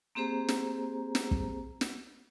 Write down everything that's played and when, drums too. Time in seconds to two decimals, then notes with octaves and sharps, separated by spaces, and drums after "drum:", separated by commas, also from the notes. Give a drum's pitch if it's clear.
0.15 A#3 C4 G4 G#4 C5 A#5
0.48 drum: snare
1.15 drum: snare
1.31 drum: kick
1.81 drum: snare